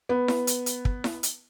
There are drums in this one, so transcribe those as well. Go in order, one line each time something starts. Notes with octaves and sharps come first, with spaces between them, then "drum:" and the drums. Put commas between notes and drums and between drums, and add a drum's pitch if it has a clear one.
B3
drum: snare E4
drum: hi-hat
drum: hi-hat
drum: kick
drum: snare E4
drum: hi-hat